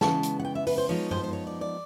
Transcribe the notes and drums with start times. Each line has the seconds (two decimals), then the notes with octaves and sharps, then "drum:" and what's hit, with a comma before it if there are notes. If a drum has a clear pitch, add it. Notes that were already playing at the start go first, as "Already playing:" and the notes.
0.01 C#3 E3 G#3 B3 A5, drum: snare G#3
0.23 drum: hi-hat
0.39 F#5
0.45 G5
0.55 E5
0.67 B4, drum: open hi-hat
0.78 C5
0.89 F3 G#3 B3 D#4 C#5
1.11 C5, drum: tom F#2
1.24 C5
1.33 C#5
1.47 D5
1.61 D5